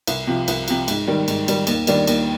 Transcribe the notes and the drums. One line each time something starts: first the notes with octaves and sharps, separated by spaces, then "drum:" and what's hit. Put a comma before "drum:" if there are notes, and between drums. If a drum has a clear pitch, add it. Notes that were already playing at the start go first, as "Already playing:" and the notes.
C2, drum: cymbal
C3 F3
C2, drum: cymbal
C3 F3, drum: cymbal
G#2, drum: cymbal
D#3 G3
G#2, drum: cymbal
D#3 G3, drum: cymbal
D#2, drum: cymbal
D#3 G3 D4, drum: cymbal
D#2, drum: cymbal